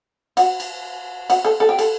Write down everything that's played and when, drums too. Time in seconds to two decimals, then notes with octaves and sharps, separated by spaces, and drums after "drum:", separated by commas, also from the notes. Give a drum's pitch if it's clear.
0.37 F#4, drum: cymbal
0.60 drum: cymbal
1.30 F#4, drum: cymbal
1.45 A4
1.60 A4
1.69 G4
1.79 A4, drum: cymbal